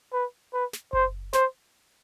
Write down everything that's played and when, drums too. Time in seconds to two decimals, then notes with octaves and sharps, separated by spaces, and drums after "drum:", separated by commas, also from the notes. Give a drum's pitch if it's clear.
0.13 B4
0.53 B4
0.73 drum: snare
0.93 C5, drum: kick F#1
1.33 C5, drum: snare